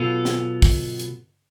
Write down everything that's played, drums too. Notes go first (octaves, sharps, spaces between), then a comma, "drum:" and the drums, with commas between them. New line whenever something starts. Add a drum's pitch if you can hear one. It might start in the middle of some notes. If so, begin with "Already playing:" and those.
Already playing: B1 B2 B3 F4 A4
drum: snare
drum: kick, open hi-hat
drum: hi-hat